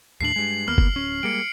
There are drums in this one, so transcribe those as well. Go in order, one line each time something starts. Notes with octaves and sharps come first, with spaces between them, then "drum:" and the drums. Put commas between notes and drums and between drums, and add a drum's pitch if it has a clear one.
D#2 A2 D4 C7 F#7
G2 G#3
D#2 A#3 B3 F6
drum: kick F#1
D1 C#4
G3 G#3 A#3 C#7 D7